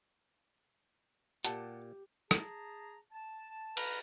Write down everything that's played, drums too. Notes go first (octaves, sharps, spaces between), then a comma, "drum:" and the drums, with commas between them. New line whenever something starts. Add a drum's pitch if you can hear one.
A#2 G4 F#5 A5, drum: hi-hat
G#4 A5 A#5, drum: rim click
A5
B4 A#5 F6, drum: cymbal